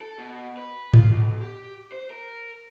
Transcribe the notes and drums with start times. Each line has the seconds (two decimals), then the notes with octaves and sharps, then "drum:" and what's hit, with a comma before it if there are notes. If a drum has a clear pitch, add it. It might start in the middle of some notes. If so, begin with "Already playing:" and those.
0.01 A4
0.18 B2
0.57 B4
0.94 F4, drum: tom G#2
1.11 B1
1.41 G4
1.92 C5
2.10 A#4